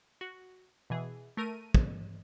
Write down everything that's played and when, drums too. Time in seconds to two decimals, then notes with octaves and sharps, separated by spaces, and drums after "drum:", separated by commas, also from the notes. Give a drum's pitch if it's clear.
0.21 F#4
0.90 B2 E3 G#4
1.37 A3 A#4 D#7
1.74 drum: kick